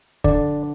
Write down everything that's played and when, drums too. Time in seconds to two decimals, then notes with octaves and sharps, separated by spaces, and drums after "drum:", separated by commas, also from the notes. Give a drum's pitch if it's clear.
0.24 D3 D5, drum: kick